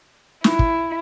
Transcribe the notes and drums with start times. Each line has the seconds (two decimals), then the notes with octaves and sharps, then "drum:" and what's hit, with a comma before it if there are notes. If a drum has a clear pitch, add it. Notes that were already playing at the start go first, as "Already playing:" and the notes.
0.44 E4, drum: snare
0.59 drum: kick